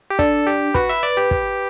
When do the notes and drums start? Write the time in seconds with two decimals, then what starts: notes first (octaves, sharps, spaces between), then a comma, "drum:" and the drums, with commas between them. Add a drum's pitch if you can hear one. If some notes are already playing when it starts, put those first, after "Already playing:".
0.10 G4
0.19 D4 A4, drum: kick
0.47 G4
0.74 F#4 B4, drum: kick
0.89 E5
1.03 D5
1.17 G4
1.31 drum: kick